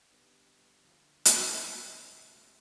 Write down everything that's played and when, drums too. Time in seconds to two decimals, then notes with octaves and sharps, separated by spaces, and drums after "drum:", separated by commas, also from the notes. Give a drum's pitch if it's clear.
0.10 D3 G3 B3 D#4
0.84 D2 D3 F3 A#3
1.25 drum: hi-hat
1.57 E1 D#2 D3
2.30 C#2 C3 F3 A3